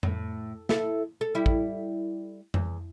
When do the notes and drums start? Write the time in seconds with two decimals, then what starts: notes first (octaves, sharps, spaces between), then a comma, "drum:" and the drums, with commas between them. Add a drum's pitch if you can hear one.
0.03 A2, drum: tom F2
0.69 E4 A4, drum: snare
1.21 A4
1.35 G3 E4
1.46 drum: kick
2.54 E2, drum: tom F2